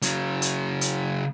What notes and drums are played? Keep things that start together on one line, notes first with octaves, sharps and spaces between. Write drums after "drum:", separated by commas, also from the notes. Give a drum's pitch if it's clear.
C#3 F#3, drum: hi-hat
drum: hi-hat
drum: hi-hat